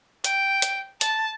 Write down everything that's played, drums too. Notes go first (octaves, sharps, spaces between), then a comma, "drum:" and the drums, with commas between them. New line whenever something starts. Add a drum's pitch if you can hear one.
G5, drum: hi-hat
drum: hi-hat
A5, drum: hi-hat